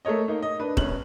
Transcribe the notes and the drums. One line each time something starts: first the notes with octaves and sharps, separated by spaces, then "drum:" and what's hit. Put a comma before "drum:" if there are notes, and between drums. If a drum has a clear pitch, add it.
A3 A4 A#4 C#5 D#5
A#3 D#4
D#5
D4 B4
G1 C#4 F#7, drum: kick